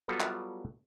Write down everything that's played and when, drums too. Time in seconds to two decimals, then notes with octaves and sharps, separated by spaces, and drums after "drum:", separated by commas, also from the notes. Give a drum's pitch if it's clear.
0.08 F#3 G3 B3 F4 F#4 A4
0.20 drum: clap